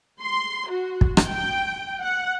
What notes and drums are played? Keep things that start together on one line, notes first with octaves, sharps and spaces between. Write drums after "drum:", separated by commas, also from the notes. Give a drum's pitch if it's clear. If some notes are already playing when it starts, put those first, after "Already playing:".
C6
F#4
drum: kick
drum: rim click
G5
F#5